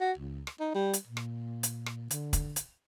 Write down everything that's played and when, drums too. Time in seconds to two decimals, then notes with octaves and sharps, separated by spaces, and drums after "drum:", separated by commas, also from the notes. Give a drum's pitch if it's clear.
0.01 F#4
0.18 C#2
0.47 drum: rim click
0.60 D#4
0.75 G3
0.93 drum: hi-hat
1.07 A#2
1.17 drum: rim click
1.63 drum: hi-hat
1.86 drum: rim click
2.11 D3, drum: hi-hat
2.33 drum: kick, hi-hat
2.56 drum: hi-hat